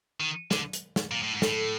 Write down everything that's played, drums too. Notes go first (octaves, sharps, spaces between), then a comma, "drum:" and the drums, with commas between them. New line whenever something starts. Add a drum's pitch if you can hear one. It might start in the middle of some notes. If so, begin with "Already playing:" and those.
D#3
D3, drum: snare
drum: hi-hat
drum: snare
A#2
A2
G#2
A2 A4, drum: snare